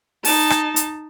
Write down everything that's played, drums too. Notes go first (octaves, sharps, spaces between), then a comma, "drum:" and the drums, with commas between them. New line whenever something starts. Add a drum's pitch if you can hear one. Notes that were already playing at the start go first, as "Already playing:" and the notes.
D#4 A5, drum: open hi-hat
drum: rim click
drum: hi-hat